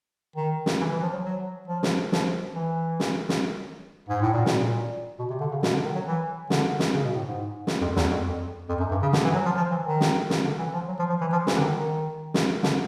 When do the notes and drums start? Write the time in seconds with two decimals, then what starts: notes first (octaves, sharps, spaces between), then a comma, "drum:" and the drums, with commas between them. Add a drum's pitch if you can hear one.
0.36 D#3
0.66 drum: snare
0.81 E3
0.92 E3
1.03 F3
1.14 F#3
1.25 F#3
1.68 F3
1.83 drum: snare
2.12 F3, drum: snare
2.56 E3
3.00 drum: snare
3.29 drum: snare
4.09 G#2
4.22 A2
4.34 A#2
4.46 B2, drum: snare
4.60 A#2
5.19 B2
5.30 C3
5.41 D3
5.51 C#3
5.63 B2, drum: snare
5.73 D3
5.85 D#3
5.95 F#3
6.07 E3
6.50 D3, drum: snare
6.79 drum: snare
6.94 C#3
7.05 B2
7.15 A2
7.27 G#2
7.67 drum: snare
7.82 F2
7.96 E2, drum: snare
8.11 F2
8.25 F2
8.69 F2
8.80 F#2
8.91 G2
9.02 C#3
9.13 D3, drum: snare
9.25 E3
9.35 F#3
9.46 F3
9.57 F3
9.71 E3
9.86 D#3
10.01 drum: snare
10.30 drum: snare
10.45 D3
10.59 E3
10.74 F3
10.88 F#3
10.99 F3
11.10 F3
11.21 E3
11.32 F3
11.47 E3, drum: snare
11.55 D3
11.62 D#3
11.76 D#3
12.34 drum: snare
12.63 D3, drum: snare